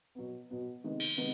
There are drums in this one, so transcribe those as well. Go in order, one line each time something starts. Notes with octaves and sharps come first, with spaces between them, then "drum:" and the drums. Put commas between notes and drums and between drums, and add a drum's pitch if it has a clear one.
B2 F#3 B3
B2 F#3 B3
C3 D#3 G#3 B3 D#4
drum: cymbal
C3 D#3 G#3 B3 D#4